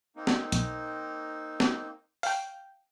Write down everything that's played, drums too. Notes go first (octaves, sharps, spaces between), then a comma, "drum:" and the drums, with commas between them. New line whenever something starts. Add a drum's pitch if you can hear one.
A#3 C4 D#4
drum: snare
B1, drum: hi-hat
drum: snare
F5 G5, drum: open hi-hat